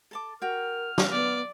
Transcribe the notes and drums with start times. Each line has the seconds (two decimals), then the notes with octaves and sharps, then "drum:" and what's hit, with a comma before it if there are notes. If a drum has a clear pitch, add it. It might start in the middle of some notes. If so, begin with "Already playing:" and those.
0.11 A4 A5 D6
0.42 F#4 A#4 G5 F6
0.98 drum: snare
1.12 B3 D5